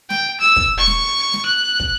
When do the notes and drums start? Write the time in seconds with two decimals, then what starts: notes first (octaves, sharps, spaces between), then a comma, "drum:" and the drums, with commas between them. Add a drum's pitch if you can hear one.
0.10 G5, drum: snare
0.41 E6
0.56 drum: kick
0.78 C#6
0.87 drum: snare
1.33 drum: snare
1.46 F#6
1.80 drum: kick